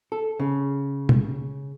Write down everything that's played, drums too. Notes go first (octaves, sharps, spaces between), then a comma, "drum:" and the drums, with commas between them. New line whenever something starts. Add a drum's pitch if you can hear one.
A4
C#3
drum: tom